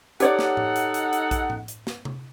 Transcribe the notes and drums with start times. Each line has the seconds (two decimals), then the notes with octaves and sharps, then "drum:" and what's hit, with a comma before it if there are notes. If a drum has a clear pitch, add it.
0.20 D#4 G4 A4 C#5 D5 F#5, drum: hi-hat
0.39 drum: snare
0.57 drum: tom A2
0.76 drum: hi-hat
0.94 drum: hi-hat
1.13 drum: hi-hat
1.31 drum: kick A#1, hi-hat
1.50 drum: tom A2
1.68 drum: hi-hat
1.87 drum: snare
2.05 drum: tom C3